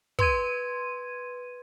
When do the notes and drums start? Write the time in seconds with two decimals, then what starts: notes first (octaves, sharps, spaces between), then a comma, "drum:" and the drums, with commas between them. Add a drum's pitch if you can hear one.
0.19 B4 C6 G#6 D#7, drum: kick